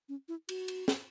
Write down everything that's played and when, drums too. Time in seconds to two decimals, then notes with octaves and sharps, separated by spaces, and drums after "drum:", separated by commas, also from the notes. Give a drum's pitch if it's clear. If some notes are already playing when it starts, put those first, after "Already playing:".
0.09 C#4
0.28 E4
0.49 F#4, drum: cymbal
0.68 drum: cymbal
0.88 drum: snare